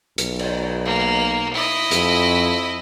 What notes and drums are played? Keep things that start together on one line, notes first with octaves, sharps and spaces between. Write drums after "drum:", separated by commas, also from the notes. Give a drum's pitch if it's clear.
B1, drum: hi-hat
drum: cymbal
A#3
E4 D#5
F2, drum: hi-hat